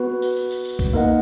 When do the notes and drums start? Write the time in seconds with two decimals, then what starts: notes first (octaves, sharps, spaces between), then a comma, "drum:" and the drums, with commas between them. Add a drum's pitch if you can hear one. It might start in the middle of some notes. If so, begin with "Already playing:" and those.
Already playing: B3 F#4 B4
0.22 drum: tambourine
0.36 drum: tambourine
0.51 drum: tambourine
0.65 drum: tambourine
0.79 drum: kick C2, tambourine
0.93 A#3 D#4 A#4 D#5 F#5